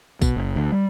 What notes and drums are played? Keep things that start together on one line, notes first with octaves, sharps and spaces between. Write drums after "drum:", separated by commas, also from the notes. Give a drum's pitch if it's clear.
B2, drum: kick, tambourine
F#1
D2
G3